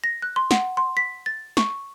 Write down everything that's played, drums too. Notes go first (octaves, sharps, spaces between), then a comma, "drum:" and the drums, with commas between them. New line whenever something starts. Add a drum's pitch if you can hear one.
A#6
F#6
C6
F#5, drum: snare
C6
B6
A6
C#6, drum: snare